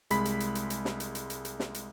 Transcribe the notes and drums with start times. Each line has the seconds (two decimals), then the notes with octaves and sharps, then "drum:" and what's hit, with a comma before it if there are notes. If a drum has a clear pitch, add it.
0.10 C2 G#3 B5 B6, drum: hi-hat
0.25 drum: hi-hat
0.40 drum: hi-hat
0.55 drum: hi-hat
0.70 drum: hi-hat
0.85 drum: snare
1.00 drum: hi-hat
1.15 drum: hi-hat
1.30 drum: hi-hat
1.45 drum: hi-hat
1.60 drum: snare
1.75 drum: hi-hat